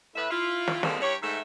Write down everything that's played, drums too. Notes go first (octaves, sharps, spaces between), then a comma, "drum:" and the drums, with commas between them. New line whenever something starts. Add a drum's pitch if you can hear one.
A2 B4 E5
E4 F4
drum: snare
D3 F3 G3 G#3 A#3 C4, drum: snare
G2 E4 G4 C#5
G#2 D#3 A3 E5